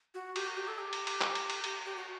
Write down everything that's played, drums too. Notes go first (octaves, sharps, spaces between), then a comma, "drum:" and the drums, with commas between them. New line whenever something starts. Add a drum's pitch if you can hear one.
F#4
G4, drum: cymbal
F#4
G4
A4
G4
drum: cymbal
drum: cymbal
drum: clap
drum: cymbal
drum: cymbal
G4, drum: cymbal
G4
F#4